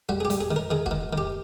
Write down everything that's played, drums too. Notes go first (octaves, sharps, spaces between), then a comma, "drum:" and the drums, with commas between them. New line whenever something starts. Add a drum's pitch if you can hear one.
G3 F#4
G#4
G4
G3, drum: hi-hat
G#4
D#3
A#4
D#3 G#4
F#4, drum: kick
D#3
D#3
G4